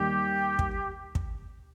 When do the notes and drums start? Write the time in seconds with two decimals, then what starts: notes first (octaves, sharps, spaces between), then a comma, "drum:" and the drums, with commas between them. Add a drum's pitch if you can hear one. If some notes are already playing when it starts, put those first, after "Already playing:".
Already playing: D#2 D#3 G3 G4
0.59 drum: kick
1.15 drum: kick